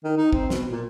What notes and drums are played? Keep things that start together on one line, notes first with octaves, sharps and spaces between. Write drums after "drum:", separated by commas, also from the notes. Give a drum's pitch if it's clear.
D#3
D#4
C4, drum: kick
B2, drum: snare
A#2